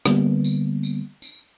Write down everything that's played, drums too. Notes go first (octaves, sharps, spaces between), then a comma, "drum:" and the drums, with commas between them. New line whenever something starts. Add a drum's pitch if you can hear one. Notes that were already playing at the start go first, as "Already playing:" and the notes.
D3 G3 A#3 B3, drum: rim click
drum: tambourine
drum: tambourine
drum: tambourine